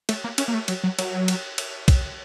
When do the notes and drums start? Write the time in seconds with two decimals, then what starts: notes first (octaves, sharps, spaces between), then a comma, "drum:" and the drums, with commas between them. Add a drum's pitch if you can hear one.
0.09 A3, drum: cymbal
0.24 A#3
0.38 C#4, drum: cymbal
0.48 A#3
0.54 A3
0.68 F#3, drum: cymbal
0.83 F#3
0.99 F#3, drum: cymbal
1.28 drum: cymbal
1.58 drum: cymbal
1.88 drum: kick, cymbal